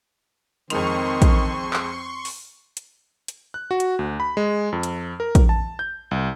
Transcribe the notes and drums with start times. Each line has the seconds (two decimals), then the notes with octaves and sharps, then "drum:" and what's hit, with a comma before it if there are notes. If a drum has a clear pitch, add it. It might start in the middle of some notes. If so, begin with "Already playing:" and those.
0.70 F2 D#3 G#3 C4 C6 C#6 F7, drum: hi-hat
1.22 drum: kick, hi-hat
1.73 drum: clap
2.25 drum: open hi-hat
2.77 drum: hi-hat
3.28 drum: hi-hat
3.54 F#6
3.71 F#4
3.80 drum: hi-hat
3.99 D2
4.20 B5
4.37 G#3
4.73 F2
4.83 drum: hi-hat
5.20 A#4
5.35 drum: kick, hi-hat
5.49 A5
5.79 G6
6.11 C2